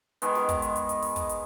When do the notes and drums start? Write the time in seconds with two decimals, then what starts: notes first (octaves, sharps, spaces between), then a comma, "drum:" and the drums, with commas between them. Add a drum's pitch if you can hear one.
0.22 D#3 G#3 B3, drum: hi-hat
0.35 drum: snare
0.49 drum: kick, hi-hat
0.62 drum: hi-hat
0.76 drum: hi-hat
0.89 drum: hi-hat
1.02 drum: open hi-hat
1.16 drum: kick, hi-hat
1.29 drum: hi-hat